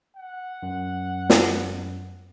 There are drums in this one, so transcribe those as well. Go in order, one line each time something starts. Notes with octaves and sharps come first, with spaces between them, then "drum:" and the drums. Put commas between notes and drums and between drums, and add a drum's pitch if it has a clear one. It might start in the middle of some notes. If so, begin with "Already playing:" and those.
F#5
F#2
drum: snare